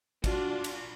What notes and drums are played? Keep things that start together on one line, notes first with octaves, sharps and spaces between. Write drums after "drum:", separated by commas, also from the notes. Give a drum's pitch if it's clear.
D4 F4 F#4 D5, drum: kick, cymbal
drum: cymbal